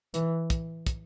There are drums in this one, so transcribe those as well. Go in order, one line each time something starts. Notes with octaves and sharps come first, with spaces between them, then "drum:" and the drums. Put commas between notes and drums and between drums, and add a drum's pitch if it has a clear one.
E3, drum: hi-hat
drum: kick, hi-hat
drum: kick, hi-hat